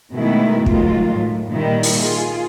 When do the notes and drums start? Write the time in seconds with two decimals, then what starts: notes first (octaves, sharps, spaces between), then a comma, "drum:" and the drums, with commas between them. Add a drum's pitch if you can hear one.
0.13 B2 D#3 G#3 A3 B3 E4
0.66 D#3 F#3 G#3 A3 F4, drum: kick
1.14 A2
1.50 A#2 D#3 G3 E4
1.83 drum: open hi-hat
2.01 F4 G#4